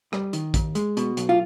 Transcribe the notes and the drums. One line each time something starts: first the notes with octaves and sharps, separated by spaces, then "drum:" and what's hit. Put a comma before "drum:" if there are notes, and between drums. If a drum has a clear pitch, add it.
G3, drum: rim click
D#3, drum: hi-hat
D#2, drum: kick, hi-hat
G#3, drum: hi-hat
B2, drum: hi-hat
B1, drum: hi-hat
F4